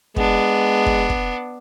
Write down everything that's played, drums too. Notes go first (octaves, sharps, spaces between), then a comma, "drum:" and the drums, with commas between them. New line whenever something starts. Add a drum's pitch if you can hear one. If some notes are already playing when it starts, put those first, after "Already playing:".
G#3 B3 D4, drum: kick
drum: kick
drum: kick